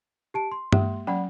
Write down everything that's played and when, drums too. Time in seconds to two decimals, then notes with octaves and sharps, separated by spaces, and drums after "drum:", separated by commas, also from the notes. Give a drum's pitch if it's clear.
0.34 G4 A5 D7
0.52 C6
0.72 G#3 A#3 G4, drum: tom G2
1.07 F#3 C#4 D5 F#5 G5 B5